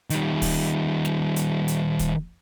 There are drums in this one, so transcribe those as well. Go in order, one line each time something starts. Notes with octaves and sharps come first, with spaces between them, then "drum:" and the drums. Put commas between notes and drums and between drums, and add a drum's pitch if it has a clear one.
D#3 G3, drum: hi-hat
drum: kick, open hi-hat
drum: snare
drum: hi-hat
drum: hi-hat
drum: kick, hi-hat